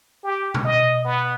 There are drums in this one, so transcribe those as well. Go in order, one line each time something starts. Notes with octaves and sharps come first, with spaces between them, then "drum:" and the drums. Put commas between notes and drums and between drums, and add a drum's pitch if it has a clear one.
G4
drum: tom B2
D#5
B3